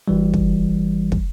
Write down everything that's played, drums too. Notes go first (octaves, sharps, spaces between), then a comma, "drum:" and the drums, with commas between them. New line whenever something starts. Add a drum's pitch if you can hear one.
G1 E3 G3
drum: kick
drum: kick